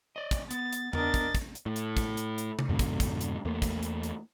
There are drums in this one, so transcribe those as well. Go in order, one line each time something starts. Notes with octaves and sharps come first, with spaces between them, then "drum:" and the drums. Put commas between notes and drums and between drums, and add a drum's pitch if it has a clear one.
D5 D#5
drum: kick, hi-hat
B3 A6, drum: hi-hat
drum: hi-hat
B3 D4 A#4 D#5 A6, drum: tom E2
drum: kick, hi-hat
drum: kick, hi-hat
drum: hi-hat
A2
drum: hi-hat
drum: kick, hi-hat
drum: hi-hat
drum: hi-hat
drum: tom C3
F2 G#2 B2 D3
drum: kick, hi-hat
drum: kick, hi-hat
drum: hi-hat
E2 A3 A#3
drum: kick, hi-hat
drum: hi-hat
drum: hi-hat